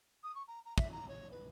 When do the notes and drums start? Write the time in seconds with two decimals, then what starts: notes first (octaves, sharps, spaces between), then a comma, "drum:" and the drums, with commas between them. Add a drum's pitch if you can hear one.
0.23 D#6
0.35 C#6
0.48 A#5
0.65 A#5
0.78 E5, drum: kick
0.92 A#5
1.08 C#5
1.31 B4